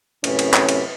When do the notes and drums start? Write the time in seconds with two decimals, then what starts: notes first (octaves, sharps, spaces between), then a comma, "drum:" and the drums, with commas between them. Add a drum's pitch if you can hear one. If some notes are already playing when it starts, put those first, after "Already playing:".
0.24 F#2 A2 C3 C#4 B4, drum: cymbal
0.39 drum: cymbal
0.54 drum: clap
0.69 drum: cymbal